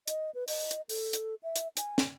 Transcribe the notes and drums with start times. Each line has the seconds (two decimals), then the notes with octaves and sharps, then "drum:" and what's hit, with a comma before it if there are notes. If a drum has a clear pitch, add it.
0.08 D#5, drum: hi-hat
0.35 B4
0.48 D#5, drum: open hi-hat
0.71 drum: hi-hat
0.89 A4, drum: open hi-hat
1.13 drum: hi-hat
1.43 E5
1.56 drum: hi-hat
1.77 G#5, drum: hi-hat
1.98 drum: snare